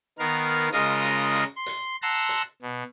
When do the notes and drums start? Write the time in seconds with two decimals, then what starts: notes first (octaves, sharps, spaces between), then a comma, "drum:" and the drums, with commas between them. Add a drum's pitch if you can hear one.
0.19 D#3 B3 A#4 F5
0.72 C#3 G#3 F4 A#4 D#5, drum: hi-hat
1.04 drum: hi-hat
1.35 drum: hi-hat
1.56 C6
1.66 drum: hi-hat
2.02 F#5 A5 A#5 C6 E6
2.29 drum: hi-hat
2.62 B2